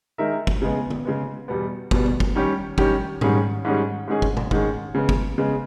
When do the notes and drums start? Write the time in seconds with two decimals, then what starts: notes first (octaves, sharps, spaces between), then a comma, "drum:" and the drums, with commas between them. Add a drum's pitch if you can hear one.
0.18 D#3 G#3 D#4 A#4 E5
0.47 drum: kick
0.62 C#3 G#3 B3
0.90 drum: tom
1.05 C#3 G#3 B3
1.48 E2 B2 G3 B3
1.91 E2 B2 G3 B3, drum: kick
2.06 drum: tom
2.20 drum: kick
2.35 D#3 G3 C#4 G4
2.78 D#3 G3 C#4 G4, drum: kick
3.21 G#2 D#3 G3 C#4 G#4, drum: tom G#2
3.65 G#2 D#3 G3 C#4 G#4
4.08 G#2 D#3 G#3 C#4 G#4
4.22 drum: kick
4.37 drum: tom A#2
4.51 G#2 D#3 G#3 C#4 G#4, drum: kick
4.95 C#3 G#3 B3
5.09 drum: kick
5.38 C#3 G#3 B3